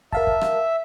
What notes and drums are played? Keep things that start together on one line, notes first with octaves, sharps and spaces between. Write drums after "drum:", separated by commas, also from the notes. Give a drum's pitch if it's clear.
A#4 E5 F5 A5, drum: kick
drum: kick
drum: rim click